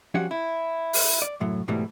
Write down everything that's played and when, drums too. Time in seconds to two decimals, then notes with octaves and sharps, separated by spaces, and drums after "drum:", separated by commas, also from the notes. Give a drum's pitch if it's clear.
0.14 F3 G3 C#4 F#4 G4 F#5
0.31 E4
0.93 drum: open hi-hat
1.22 D5
1.40 C2 F#2 A2 F#3
1.68 G#2 B2 E3 G3 A3